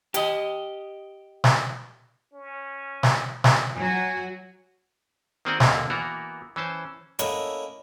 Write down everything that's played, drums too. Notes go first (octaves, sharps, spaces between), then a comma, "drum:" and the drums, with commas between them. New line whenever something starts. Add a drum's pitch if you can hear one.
G4 D#5, drum: hi-hat
drum: snare
C#4
drum: snare
drum: snare
F#3 F#4 G#5
D#3 A#3 C4 F#4 G#4 D5
D#2 D3 A#3, drum: snare
E3 A#3 B3 F#4 A#4
E3 C#4 C5 A5
A3 A#3 C#4 E4 D#5 F#5, drum: hi-hat